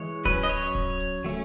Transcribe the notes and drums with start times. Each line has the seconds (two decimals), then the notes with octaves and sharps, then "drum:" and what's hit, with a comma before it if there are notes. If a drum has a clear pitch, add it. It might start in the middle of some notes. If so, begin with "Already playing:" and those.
Already playing: E3 G#3 C#5
0.25 F#3 C#4 B4, drum: kick D1
0.43 D#5
0.49 C#5, drum: hi-hat
0.75 drum: kick D1
1.00 drum: hi-hat
1.25 F#3 A3 C#4